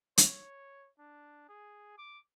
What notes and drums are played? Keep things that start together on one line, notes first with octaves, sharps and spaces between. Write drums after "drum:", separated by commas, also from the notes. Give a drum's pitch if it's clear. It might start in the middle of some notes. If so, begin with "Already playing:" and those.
C#5, drum: hi-hat
D4
G#4
D6